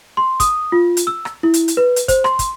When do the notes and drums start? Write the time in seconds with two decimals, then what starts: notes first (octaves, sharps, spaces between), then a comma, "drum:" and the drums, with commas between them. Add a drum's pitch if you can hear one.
0.17 C6
0.40 D#6, drum: kick, hi-hat
0.72 F4
0.97 drum: hi-hat
1.07 E6
1.25 drum: rim click
1.43 E4
1.54 drum: hi-hat
1.68 drum: hi-hat
1.77 B4
1.96 drum: hi-hat
2.08 C5, drum: kick, hi-hat
2.24 C6, drum: rim click
2.39 drum: kick, hi-hat